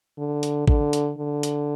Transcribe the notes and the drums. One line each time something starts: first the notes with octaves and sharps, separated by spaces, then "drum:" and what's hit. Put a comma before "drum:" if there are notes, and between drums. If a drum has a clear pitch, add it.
D3
drum: hi-hat
D3, drum: kick G#1
drum: hi-hat
D3
drum: hi-hat